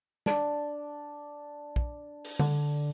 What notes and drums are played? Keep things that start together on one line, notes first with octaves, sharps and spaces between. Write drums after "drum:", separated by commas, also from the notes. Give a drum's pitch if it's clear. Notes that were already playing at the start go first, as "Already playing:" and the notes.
D4 D5, drum: snare
drum: kick
drum: open hi-hat
D3, drum: tom